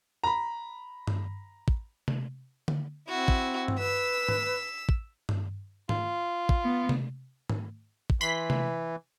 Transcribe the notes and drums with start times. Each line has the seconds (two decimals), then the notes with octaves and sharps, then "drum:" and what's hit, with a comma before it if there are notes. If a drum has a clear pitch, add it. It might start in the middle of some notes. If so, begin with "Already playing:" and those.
0.24 A#5 B5
1.07 drum: tom G2
1.68 drum: kick
2.08 drum: tom C3
2.68 drum: tom D3
3.08 C4 E4 F#4
3.28 drum: kick
3.68 drum: tom G2
3.79 B4 E6 B6
4.28 drum: tom G#2
4.89 drum: kick
5.29 drum: tom G2
5.89 F4, drum: tom G#2
6.49 drum: kick
6.64 B3
6.89 drum: tom C3
7.50 drum: tom G#2
8.10 drum: kick
8.21 E3 B5 C6 B6
8.50 drum: tom C3